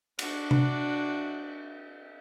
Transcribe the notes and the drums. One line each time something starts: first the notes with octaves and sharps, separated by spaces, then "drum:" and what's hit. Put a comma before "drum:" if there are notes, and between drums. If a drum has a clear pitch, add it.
D4 F#4, drum: cymbal
drum: tom C3